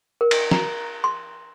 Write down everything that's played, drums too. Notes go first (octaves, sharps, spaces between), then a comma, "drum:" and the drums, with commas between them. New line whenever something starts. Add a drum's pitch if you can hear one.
A#4
drum: cymbal
A#5, drum: snare
C6